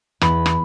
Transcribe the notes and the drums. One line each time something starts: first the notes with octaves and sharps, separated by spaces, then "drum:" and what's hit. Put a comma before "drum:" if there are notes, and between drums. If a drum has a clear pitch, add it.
E2 B5, drum: rim click
drum: rim click